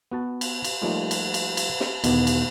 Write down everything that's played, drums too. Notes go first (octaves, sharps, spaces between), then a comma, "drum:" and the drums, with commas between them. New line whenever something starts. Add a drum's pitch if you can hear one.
B3 F#4 A5
drum: cymbal
drum: cymbal
F3 G3 A3 A#3 D#4 F4
drum: cymbal
drum: cymbal
drum: cymbal
drum: snare
E2 B2 D#3 B3, drum: cymbal
drum: cymbal